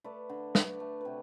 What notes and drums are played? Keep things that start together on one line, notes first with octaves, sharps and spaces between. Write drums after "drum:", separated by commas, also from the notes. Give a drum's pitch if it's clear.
A3 B4 D5
D3
A3 B4 D5, drum: snare
A3
C3 F#4 A4 B4